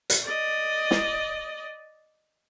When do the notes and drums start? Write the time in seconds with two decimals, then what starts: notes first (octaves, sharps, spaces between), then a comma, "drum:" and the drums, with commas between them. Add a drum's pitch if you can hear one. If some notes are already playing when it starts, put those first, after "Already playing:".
0.10 drum: hi-hat
0.24 D5 D#5
0.91 drum: snare